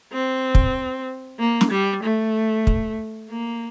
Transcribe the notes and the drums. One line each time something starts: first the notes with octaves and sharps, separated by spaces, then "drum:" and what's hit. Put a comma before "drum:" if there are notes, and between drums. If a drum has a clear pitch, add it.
C4
drum: kick
A#3
drum: snare
G3
A3
drum: kick
A#3